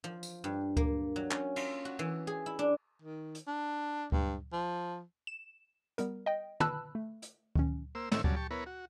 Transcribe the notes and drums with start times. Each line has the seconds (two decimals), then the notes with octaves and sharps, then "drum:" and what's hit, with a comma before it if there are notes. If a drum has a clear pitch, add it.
0.04 F3
0.23 drum: tambourine
0.44 G2
0.77 A#3, drum: kick D2
1.16 F#3
1.31 C#4, drum: clap
1.56 F4, drum: cymbal
1.85 F#4
1.99 E3
2.27 G#4
2.46 E4
2.59 D4
3.02 D#3
3.35 drum: hi-hat
3.47 D4
4.12 G2, drum: kick D2
4.53 F3
5.27 E7
5.98 G3 B3 A#4, drum: hi-hat
6.26 D#5 G5
6.60 B4 A5 B5 E6 F#6, drum: tom
6.95 A3
7.22 drum: hi-hat
7.55 D#3 C#4, drum: kick D2
7.95 A#3 C5 E6
8.12 A2 D#3 C4 C#5 E5 E6, drum: snare
8.24 G2 C#3 F#3 D5 A5, drum: kick D2
8.36 G4 A5 C#6
8.51 B3 E4 A#4 B4 C#5
8.66 F#4